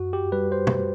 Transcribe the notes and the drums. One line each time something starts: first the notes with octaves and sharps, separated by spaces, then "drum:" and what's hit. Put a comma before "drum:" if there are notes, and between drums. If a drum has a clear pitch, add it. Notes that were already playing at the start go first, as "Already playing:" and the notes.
Already playing: F#2 F#4
G4
G3 B4
C5
drum: tom B2